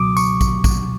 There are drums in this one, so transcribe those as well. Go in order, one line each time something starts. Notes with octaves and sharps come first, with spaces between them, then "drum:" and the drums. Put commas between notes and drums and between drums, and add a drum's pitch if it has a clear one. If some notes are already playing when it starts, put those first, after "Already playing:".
Already playing: C#2 B2 F#3 D6 D#6
C#6, drum: tambourine
drum: kick A1, tambourine
drum: kick A1, tambourine